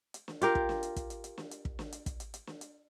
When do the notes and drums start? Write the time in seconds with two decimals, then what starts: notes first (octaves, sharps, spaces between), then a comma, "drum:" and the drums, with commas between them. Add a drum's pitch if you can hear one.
0.14 drum: hi-hat
0.28 drum: snare
0.41 F4 G4 A#4, drum: hi-hat
0.55 drum: kick
0.69 drum: snare
0.83 drum: hi-hat
0.96 drum: kick, hi-hat
1.10 drum: hi-hat
1.24 drum: hi-hat
1.38 drum: snare
1.51 drum: hi-hat
1.65 drum: kick
1.79 drum: snare
1.92 drum: hi-hat
2.06 drum: kick, hi-hat
2.20 drum: hi-hat
2.34 drum: hi-hat
2.47 drum: snare
2.61 drum: hi-hat